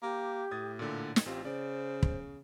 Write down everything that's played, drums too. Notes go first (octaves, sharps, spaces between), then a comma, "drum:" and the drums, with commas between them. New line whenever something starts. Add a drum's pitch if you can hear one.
A#3 G4
A2 D#6 G#6 A6
A#2 D3
drum: snare
A1 C4 F4 G4
C#3 C5 D5
drum: kick